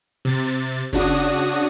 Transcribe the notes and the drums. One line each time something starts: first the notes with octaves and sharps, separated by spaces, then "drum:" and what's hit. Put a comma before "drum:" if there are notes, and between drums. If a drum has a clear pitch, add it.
C3 A6
drum: snare
C#3 D4 F#4 D#6, drum: kick F#1, hi-hat
drum: hi-hat